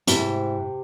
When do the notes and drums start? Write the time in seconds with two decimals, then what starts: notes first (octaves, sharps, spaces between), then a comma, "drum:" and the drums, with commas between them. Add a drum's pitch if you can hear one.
0.07 G#2 C3 E4, drum: hi-hat